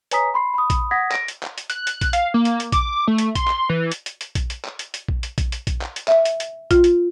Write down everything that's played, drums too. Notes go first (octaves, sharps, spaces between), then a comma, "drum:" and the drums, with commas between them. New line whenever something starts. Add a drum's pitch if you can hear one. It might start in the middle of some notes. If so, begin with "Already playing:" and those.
B4 C#5 G#5 A#5 D#6 B6, drum: hi-hat
B5 C6 C7
B5 D#6
drum: kick A#1, hi-hat
F#5 D#6 G#6 A#6 B6
A#6 D7, drum: clap
drum: hi-hat
drum: clap
drum: hi-hat
F#6, drum: hi-hat
drum: hi-hat
drum: kick A#1, hi-hat
F5, drum: hi-hat
A#3
drum: hi-hat
drum: hi-hat
D6, drum: kick A#1, hi-hat
A3
drum: hi-hat
C6, drum: kick A#1, hi-hat
drum: clap
E3
drum: hi-hat
drum: hi-hat
drum: hi-hat
drum: kick A#1, hi-hat
drum: hi-hat
drum: clap
drum: hi-hat
drum: hi-hat
drum: kick A#1
drum: hi-hat
drum: kick A#1, hi-hat
drum: hi-hat
drum: kick A#1, hi-hat
drum: clap
drum: hi-hat
E5, drum: clap
drum: hi-hat
drum: hi-hat
F4, drum: kick A#1, hi-hat
drum: hi-hat